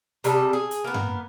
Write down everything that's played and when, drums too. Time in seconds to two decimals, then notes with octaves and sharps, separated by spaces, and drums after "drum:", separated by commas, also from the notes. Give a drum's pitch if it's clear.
0.24 C3 G3 G#4 A4, drum: hi-hat
0.53 G#4
0.71 drum: hi-hat
0.84 A#3 B3
0.94 drum: tom G2